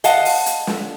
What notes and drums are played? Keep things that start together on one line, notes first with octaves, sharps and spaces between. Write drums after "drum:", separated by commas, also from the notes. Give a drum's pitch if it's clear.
D#5 F5 F#5 A5, drum: hi-hat
drum: open hi-hat
drum: hi-hat
drum: snare